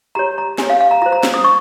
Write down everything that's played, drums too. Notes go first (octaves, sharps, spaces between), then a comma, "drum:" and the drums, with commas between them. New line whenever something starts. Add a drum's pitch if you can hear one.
G4 C#5 A#5
A#5
G4 C#5 G#5, drum: snare
F5
F5
A#5
F4 C5 A#5
A#5
drum: snare
D#6
C#6